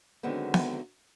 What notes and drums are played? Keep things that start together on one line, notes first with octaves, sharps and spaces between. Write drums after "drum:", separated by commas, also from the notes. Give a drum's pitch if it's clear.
D3 D#3 F#3 G#3 B3 C4
drum: snare B3